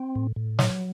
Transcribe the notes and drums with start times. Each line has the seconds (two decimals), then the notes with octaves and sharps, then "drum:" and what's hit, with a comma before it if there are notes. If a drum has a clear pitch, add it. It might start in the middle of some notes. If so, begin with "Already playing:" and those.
Already playing: C4
0.15 A2
0.36 A2
0.59 F#3, drum: snare